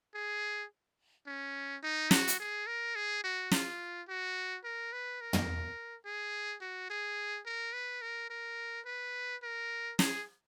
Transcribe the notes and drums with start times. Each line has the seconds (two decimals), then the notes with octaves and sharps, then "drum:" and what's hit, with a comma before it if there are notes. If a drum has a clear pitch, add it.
0.15 G#4
1.27 C#4
1.83 D#4
2.11 F#4, drum: snare
2.28 drum: hi-hat
2.39 G#4
2.67 A#4
2.95 G#4
3.24 F#4
3.51 F4, drum: snare
4.08 F#4
4.64 A#4
4.92 B4
5.21 A#4
5.33 drum: tom
6.05 G#4
6.61 F#4
6.90 G#4
7.46 A#4
7.73 B4
8.01 A#4
8.30 A#4
8.85 B4
9.43 A#4
9.99 G#4, drum: snare